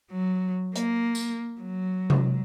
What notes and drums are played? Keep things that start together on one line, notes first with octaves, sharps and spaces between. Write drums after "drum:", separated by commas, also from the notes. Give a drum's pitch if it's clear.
F#3
A#3, drum: hi-hat
drum: tambourine
F#3
drum: tom C3